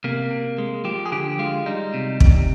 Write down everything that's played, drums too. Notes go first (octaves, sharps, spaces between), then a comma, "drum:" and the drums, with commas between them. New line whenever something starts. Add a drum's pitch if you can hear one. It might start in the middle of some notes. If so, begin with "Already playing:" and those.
C3 A#3
C3
G#3
F3 G4
G#4
D3 G4
G#3 F4
G3 D#4
C3
C3, drum: kick